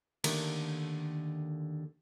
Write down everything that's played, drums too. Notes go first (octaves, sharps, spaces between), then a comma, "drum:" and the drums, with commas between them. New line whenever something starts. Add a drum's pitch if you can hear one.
D#2 D3 D#3 A3 A#4, drum: cymbal